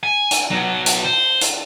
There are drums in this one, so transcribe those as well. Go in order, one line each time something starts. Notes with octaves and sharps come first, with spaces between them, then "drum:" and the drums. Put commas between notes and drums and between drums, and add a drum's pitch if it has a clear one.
G#5
drum: hi-hat
B2 F#3
drum: hi-hat
C5
drum: hi-hat